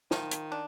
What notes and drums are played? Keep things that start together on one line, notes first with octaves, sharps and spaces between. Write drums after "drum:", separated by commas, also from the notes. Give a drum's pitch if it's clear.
D#3 F3, drum: snare
drum: hi-hat
D4